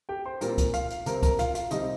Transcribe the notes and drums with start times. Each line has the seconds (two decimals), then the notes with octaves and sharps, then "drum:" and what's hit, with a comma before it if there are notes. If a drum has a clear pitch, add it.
0.09 G4 G5
0.25 C5 C6
0.41 A#2 G3 C4 A#4 A#5, drum: hi-hat
0.58 drum: kick, hi-hat
0.73 F4 F5, drum: hi-hat
0.90 drum: hi-hat
1.06 C3 G3 C4 A#4 A#5, drum: hi-hat
1.23 A#4 A#5, drum: kick, hi-hat
1.39 F4 F5, drum: hi-hat
1.55 F4 F5, drum: hi-hat
1.71 C3 G3 C4 D#4 D#5, drum: hi-hat